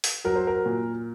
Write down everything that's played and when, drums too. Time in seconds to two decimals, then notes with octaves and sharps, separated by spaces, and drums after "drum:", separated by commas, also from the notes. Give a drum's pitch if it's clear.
0.04 drum: open hi-hat
0.25 F#3 A#4
0.36 C5
0.47 A#4
0.66 A#2